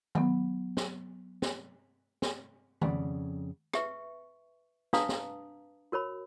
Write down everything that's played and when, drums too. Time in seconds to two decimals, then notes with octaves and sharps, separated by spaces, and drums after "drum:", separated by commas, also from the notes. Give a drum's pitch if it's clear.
0.15 F#3 B3, drum: tom D#3
0.77 drum: snare
1.42 drum: snare
2.22 drum: snare
2.81 F2 C#3 D5 F#5 B5, drum: tom D#3
3.73 B4 E5 C#6, drum: rim click
4.93 D4 B4 F5 A5 A#5 D#6, drum: snare
5.09 drum: snare
5.92 F#4 A#4 C#5 B5